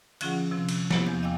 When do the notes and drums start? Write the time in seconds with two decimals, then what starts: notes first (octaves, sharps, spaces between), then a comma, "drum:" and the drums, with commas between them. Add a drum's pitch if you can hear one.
0.21 D3 F3 C#4 F4 G#4 F#5, drum: cymbal
0.51 C3 F3 C4
0.69 drum: cymbal
0.91 F#3 A#3 B3 E4 G4, drum: snare
1.07 E2 F3 G6
1.22 D#5 F5 G5 G#5 D6 E6